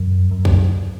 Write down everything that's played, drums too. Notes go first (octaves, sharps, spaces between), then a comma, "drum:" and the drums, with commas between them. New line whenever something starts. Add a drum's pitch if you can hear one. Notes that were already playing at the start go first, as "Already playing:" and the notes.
Already playing: F#2
F#2
drum: kick C2